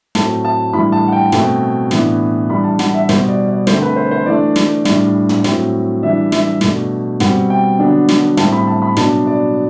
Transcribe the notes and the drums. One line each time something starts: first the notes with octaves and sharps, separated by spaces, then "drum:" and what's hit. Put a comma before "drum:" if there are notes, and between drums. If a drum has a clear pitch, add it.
A2 F#3 A3 C4 A5, drum: snare
A5
A2 E3 G3 D4 B5
A5
F#5
G5
B2 A3 C4, drum: snare
A2 E3 B3 D4, drum: snare
E3 G3 D4 B5
A5
F#5, drum: snare
E5
B2 G3 B3 C5, drum: snare
D5
D5
D3 A3 C4 C5, drum: snare
B4
C5
C5
E3 A3 D4 D5
drum: snare
A2 G3 D4, drum: snare
drum: tom
A2 F#3 C4, drum: snare
E3 G3 D4 E5
E5, drum: snare
B2 A3 D4, drum: snare
B2 G3 C4 F#5, drum: snare
G5
D3 F#3 B3 D4
drum: snare
A2 G3 C4 A5, drum: snare
B5
A5
B5
B2 F#3 B3 D4 A5, drum: snare
D5